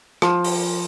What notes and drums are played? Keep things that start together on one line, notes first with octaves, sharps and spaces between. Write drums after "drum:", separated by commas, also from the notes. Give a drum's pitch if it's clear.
F3, drum: rim click
drum: open hi-hat